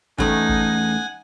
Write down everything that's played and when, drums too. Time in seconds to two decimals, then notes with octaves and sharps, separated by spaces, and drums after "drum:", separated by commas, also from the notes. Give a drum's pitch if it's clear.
0.18 E2 E3 A3 C#4 D#4 F#5 G#5, drum: kick
0.49 drum: kick